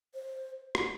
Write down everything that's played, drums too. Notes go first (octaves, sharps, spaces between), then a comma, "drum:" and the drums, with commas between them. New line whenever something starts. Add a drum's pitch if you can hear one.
C5
drum: rim click